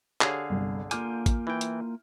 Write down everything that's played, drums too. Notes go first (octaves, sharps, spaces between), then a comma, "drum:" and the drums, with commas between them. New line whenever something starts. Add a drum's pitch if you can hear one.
D3 G4 G#4 C#5 F5, drum: clap
G1 C2 G2
A#3 F4 G#5 D6 F6 G6, drum: hi-hat
drum: kick A1, hi-hat
E3 E4 G5
drum: hi-hat